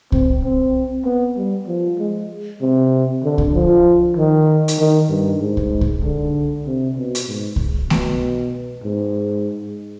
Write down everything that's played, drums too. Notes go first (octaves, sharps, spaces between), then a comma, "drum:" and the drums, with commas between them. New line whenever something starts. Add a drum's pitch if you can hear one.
C4, drum: kick C2
C4
B3
G3
F3
G#3
C3
D3
drum: kick C2
F3
D#3
drum: hi-hat
D#3
G2
G#2
drum: kick C2
drum: kick C2
D3
C3
B2
drum: hi-hat
G#2
drum: kick C2
B2, drum: snare A3
G#2